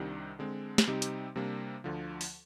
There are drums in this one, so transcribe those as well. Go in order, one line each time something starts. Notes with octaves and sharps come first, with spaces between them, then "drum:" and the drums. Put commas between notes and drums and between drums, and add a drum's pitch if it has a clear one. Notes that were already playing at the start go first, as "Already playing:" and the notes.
Already playing: C2 C3 D#3 G3 D4
D3 G#3 C4
drum: snare
C3 G3 C4 D#4 G4
drum: hi-hat
C3 G3 A#3 D4
D2 D3 F3
drum: open hi-hat